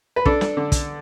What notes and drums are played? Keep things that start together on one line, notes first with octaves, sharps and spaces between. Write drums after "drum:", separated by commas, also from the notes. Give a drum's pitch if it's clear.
B4
D4 A4, drum: kick
drum: snare
D3
drum: kick, hi-hat